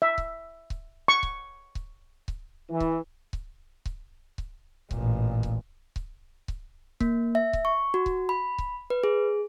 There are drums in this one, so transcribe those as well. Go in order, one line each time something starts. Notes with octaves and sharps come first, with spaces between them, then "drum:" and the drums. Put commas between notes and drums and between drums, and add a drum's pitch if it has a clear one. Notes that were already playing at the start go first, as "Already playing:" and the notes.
E5
drum: kick C#1
drum: kick C#1
C#6
drum: kick C#1
drum: kick C#1
drum: kick C#1
E3
drum: kick C#1
drum: kick C#1
drum: kick C#1
drum: kick C#1
A1 A#2, drum: kick C#1
drum: kick C#1
drum: kick C#1
drum: kick C#1
A#3, drum: kick C#1
E5
drum: kick C#1
C#6
F#4
drum: kick C#1
B5
drum: kick C#1
B4
G#4